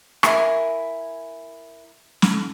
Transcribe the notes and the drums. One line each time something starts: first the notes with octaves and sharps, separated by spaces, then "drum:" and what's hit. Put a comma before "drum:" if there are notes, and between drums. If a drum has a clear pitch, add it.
E4 A#4 G#5 D#6, drum: rim click
drum: snare